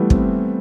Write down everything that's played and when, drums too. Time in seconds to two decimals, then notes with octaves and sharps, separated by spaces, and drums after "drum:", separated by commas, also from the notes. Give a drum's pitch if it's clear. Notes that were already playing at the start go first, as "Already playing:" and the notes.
Already playing: E3 G3 A3 B3
0.10 C4, drum: kick